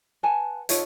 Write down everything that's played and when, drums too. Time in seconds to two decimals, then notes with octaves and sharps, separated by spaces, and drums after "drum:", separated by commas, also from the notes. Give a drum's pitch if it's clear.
0.23 B4 F#5 G#5 A5
0.69 D#4 F4 A4 C#5, drum: hi-hat